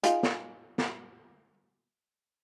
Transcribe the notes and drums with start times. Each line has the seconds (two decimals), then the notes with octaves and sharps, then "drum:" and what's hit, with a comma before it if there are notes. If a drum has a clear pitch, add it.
0.03 D#4 F4 G#4, drum: hi-hat
0.23 drum: snare
0.78 drum: snare